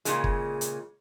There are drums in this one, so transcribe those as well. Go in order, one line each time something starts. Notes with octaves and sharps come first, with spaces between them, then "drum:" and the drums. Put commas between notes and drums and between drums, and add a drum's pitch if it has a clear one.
A#2 C#3 G#3, drum: hi-hat
drum: kick
drum: hi-hat